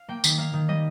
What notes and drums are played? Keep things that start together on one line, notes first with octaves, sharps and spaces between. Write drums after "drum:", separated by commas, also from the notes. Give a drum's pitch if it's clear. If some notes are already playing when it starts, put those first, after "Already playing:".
Already playing: F5
A#3 G5
D#3, drum: tambourine
A#3 F5
D#3
G3 D#5